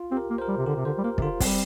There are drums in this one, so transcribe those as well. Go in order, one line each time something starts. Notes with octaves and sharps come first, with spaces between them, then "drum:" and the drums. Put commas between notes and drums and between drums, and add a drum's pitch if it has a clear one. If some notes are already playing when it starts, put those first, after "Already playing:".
Already playing: F4
C4 G4
A#4
A#3
C5
A#4
G3
C3
D3 G4
C3
D3 C5
G3
A#3 A#4
C3, drum: kick
D3 F4
G3 C4, drum: kick, open hi-hat